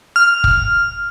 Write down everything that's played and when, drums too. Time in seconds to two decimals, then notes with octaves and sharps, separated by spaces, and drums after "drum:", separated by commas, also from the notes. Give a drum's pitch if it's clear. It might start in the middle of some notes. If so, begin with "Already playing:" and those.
0.16 F6
0.44 drum: kick